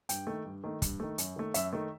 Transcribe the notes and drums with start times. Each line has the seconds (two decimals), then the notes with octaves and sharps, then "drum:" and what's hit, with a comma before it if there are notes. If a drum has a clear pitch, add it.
0.09 G2 G5, drum: hi-hat
0.27 D#3 A3
0.45 G2
0.64 D#3 A3
0.82 G2, drum: kick, hi-hat
1.00 D#3 A3
1.18 F#2, drum: hi-hat
1.36 D#3 A3
1.54 F#2 E5, drum: hi-hat
1.73 D#3 A3